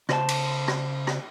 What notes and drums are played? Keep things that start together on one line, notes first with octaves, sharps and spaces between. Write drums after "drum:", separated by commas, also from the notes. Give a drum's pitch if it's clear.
C#3 C5 D5 A5, drum: rim click
drum: cymbal
drum: rim click
drum: rim click